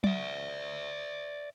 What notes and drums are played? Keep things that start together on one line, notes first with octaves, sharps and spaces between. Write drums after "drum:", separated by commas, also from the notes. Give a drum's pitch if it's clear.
D5 E5, drum: tom F#3